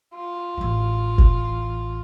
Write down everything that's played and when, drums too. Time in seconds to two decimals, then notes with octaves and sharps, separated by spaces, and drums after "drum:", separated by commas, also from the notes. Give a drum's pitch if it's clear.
0.15 F4
0.57 A1 E3
1.18 drum: kick F#1